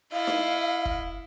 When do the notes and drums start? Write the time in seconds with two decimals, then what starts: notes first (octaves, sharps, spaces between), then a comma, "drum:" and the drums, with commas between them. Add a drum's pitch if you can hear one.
0.13 E4 D#5 F5
0.27 drum: snare D#4
0.85 drum: kick